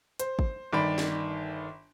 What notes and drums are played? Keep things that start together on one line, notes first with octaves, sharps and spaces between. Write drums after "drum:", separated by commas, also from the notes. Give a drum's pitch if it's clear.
C5, drum: hi-hat
drum: kick
G1 D#3 D5 B5 D7
drum: snare